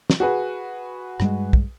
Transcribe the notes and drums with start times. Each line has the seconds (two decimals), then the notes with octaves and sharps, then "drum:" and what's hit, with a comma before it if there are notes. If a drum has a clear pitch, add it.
0.10 drum: snare
0.20 F#4 G#4 B4
1.20 G2 G3 G#3, drum: rim click
1.53 drum: kick